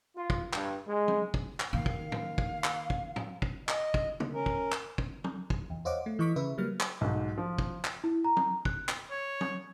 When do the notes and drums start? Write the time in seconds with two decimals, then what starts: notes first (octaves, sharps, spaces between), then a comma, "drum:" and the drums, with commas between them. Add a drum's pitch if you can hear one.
0.16 F4
0.30 drum: kick
0.53 G2, drum: clap
0.87 G#3
1.08 drum: tom F#3
1.34 drum: kick
1.60 drum: clap
1.73 D#3 A#3 F5
1.86 drum: kick
2.12 drum: tom
2.38 drum: kick
2.64 drum: clap
2.90 drum: kick
3.16 drum: tom
3.42 drum: kick
3.69 D#5, drum: clap
3.94 drum: kick
4.20 drum: tom
4.33 C#4 A#4
4.46 drum: kick
4.72 drum: clap
4.98 drum: kick
5.24 drum: tom F#3
5.50 drum: kick
5.70 E2
5.85 C5 C#5 D#5 F5 F#5 D6
6.06 A3
6.19 E3 D#5 C#6 D6 B6
6.36 C#3 B4 E5
6.58 F#3 G3 A#3 F6
6.80 drum: clap
7.01 B1 G#2
7.38 F3
7.58 drum: kick
7.85 drum: clap
8.04 E4
8.24 A#5
8.37 drum: tom F#3
8.65 F#6, drum: kick
8.89 drum: clap
9.11 C#5
9.41 drum: tom F#3